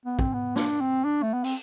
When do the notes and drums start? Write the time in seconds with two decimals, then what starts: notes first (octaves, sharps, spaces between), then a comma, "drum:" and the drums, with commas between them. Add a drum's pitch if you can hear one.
0.06 B3
0.19 C4, drum: kick
0.33 B3
0.56 D4, drum: snare
0.81 C4
1.05 D4
1.23 A3
1.34 B3
1.44 C4, drum: open hi-hat